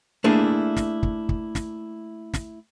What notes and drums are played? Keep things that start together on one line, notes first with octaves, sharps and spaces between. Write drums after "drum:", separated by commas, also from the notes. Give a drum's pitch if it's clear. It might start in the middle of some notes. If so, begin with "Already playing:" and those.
A3 A#3 D4 E4 G#4
drum: snare
drum: kick
drum: kick
drum: snare
drum: snare